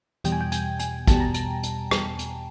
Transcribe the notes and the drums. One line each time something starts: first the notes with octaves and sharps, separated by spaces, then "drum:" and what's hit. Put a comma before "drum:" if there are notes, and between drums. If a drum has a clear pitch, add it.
E2 B2 G3 G5, drum: hi-hat
G#5
G5
G#5, drum: hi-hat
G#5, drum: hi-hat
E2 B2 G3 A5, drum: kick, hi-hat
A#5
A5, drum: hi-hat
drum: hi-hat
E2 B2 G3, drum: rim click
drum: hi-hat